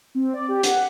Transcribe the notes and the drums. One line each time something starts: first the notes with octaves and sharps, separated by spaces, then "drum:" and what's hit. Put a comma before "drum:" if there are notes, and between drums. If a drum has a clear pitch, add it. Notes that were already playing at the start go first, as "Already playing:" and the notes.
C4
D5
G4
F#5, drum: hi-hat